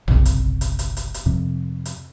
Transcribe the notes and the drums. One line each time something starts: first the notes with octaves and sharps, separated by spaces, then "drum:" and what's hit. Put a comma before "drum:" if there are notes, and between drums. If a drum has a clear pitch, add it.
F#1 B1 C3, drum: tom A#1
drum: hi-hat
drum: hi-hat
drum: hi-hat
drum: hi-hat
drum: hi-hat
F2 C3
drum: hi-hat